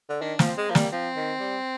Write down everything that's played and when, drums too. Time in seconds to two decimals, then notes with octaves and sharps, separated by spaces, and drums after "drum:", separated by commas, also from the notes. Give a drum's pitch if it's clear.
0.09 D3
0.21 D#3 D4
0.39 F3, drum: snare
0.45 C4
0.57 G#3
0.69 F3 A#3
0.75 G3, drum: snare
0.92 F3 C4
1.16 D#3
1.40 G3